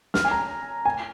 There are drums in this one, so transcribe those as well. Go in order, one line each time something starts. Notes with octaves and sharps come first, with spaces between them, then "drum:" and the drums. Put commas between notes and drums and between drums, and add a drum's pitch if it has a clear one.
F6, drum: snare
G#5
A#5
G#5